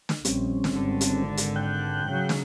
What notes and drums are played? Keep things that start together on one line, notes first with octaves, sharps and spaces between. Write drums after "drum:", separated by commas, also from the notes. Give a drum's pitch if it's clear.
drum: snare
A#1 G3 C4 C#4, drum: hi-hat
drum: snare
G#1 D3
drum: hi-hat
drum: hi-hat
G5 F#6 G6
C#3 F#3
drum: snare